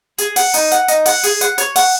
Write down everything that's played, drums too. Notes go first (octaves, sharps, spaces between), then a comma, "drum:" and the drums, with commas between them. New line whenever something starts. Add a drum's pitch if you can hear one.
G#4, drum: hi-hat
F#5, drum: open hi-hat
D#4, drum: hi-hat
F#5, drum: hi-hat
D#4, drum: hi-hat
F#5, drum: open hi-hat
G#4, drum: hi-hat
F#5, drum: hi-hat
C#5, drum: hi-hat
F#5, drum: open hi-hat